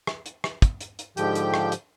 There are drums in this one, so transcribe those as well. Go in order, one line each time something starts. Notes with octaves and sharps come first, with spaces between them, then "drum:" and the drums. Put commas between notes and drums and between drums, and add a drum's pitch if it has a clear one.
drum: rim click
drum: hi-hat
drum: rim click
drum: kick, hi-hat
drum: hi-hat
drum: hi-hat
G#2 D3 F3 G4 G5 G6, drum: hi-hat
drum: hi-hat
drum: rim click
drum: hi-hat